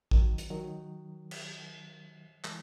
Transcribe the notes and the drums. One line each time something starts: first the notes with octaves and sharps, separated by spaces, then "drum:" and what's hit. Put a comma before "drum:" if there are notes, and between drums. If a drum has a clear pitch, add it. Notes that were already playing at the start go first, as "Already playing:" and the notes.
D#3 F#3, drum: kick
drum: hi-hat
D#3 F#3
drum: cymbal
E3 G#3, drum: clap